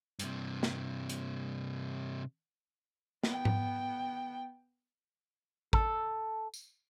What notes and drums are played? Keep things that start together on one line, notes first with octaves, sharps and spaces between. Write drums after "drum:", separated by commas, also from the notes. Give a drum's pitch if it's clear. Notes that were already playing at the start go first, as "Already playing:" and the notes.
G2 C3, drum: hi-hat
drum: snare
drum: hi-hat
B3 G5, drum: snare
drum: tom G#2
A4, drum: kick
drum: tambourine